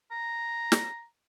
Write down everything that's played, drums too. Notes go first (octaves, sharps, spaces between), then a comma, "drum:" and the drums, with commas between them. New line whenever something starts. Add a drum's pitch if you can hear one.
A#5
drum: snare